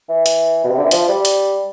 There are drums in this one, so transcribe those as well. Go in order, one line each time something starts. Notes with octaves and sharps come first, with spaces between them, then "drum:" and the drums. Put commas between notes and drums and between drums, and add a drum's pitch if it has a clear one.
E3
drum: hi-hat
B2
C3
D3
E3
F3, drum: hi-hat
G3
drum: hi-hat